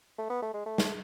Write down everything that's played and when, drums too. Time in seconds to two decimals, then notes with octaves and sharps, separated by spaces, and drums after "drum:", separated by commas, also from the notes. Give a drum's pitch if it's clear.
0.18 A3
0.30 B3
0.42 A3
0.54 G#3
0.66 A3
0.78 drum: snare